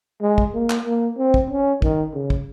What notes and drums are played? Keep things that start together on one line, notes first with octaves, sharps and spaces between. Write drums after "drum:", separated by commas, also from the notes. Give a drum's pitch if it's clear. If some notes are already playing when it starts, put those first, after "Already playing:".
G#3
drum: kick
A#3
drum: clap
A#3
C4
drum: kick
C#4
D#3, drum: kick
C#3
drum: kick